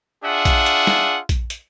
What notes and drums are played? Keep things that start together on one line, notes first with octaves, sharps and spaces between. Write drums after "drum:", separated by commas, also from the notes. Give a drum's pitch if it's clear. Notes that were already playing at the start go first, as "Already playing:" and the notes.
D4 F4 G#4 E5 F#5
drum: kick A#1, hi-hat
drum: hi-hat
drum: snare
drum: kick A#1, hi-hat
drum: hi-hat